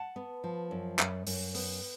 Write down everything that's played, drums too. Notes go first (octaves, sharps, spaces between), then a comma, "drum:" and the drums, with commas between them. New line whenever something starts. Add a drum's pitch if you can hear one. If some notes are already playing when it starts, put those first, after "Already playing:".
Already playing: F#5 A5
B3
F3
F#2
F#2, drum: clap
F#2, drum: open hi-hat
B3, drum: open hi-hat